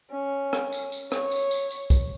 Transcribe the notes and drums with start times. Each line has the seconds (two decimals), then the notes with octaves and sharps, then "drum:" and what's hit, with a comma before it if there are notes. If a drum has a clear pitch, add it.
0.11 C#4
0.53 drum: rim click
0.73 drum: tambourine
0.92 drum: tambourine
1.12 C#5, drum: rim click
1.31 drum: tambourine
1.51 drum: tambourine
1.71 drum: tambourine
1.90 drum: kick, tambourine